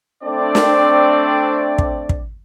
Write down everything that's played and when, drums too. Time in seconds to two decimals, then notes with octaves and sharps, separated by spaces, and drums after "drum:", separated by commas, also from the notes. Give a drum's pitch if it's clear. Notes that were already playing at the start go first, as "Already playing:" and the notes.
0.24 A3 C4 D4 D5
0.55 drum: snare
1.78 drum: kick
2.09 drum: kick